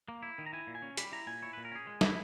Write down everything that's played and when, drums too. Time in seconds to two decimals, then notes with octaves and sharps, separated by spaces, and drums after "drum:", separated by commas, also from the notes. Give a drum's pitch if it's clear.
0.08 A#3
0.23 E4
0.38 D#3
0.46 A#5
0.53 E4 G#5
0.67 A#2
0.75 G#5
0.82 C#4
0.97 G3 B5, drum: hi-hat
1.12 E4 A#5
1.27 A#2 G#5
1.42 E4 C#5
1.53 A#2 B4
1.65 A#4
1.71 C#4 G#4
1.87 G#3
2.01 E4, drum: snare